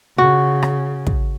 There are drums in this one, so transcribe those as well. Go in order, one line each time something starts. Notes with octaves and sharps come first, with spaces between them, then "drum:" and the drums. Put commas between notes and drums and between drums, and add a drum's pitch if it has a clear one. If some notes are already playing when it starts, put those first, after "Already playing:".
C#3 F#4
drum: rim click
drum: kick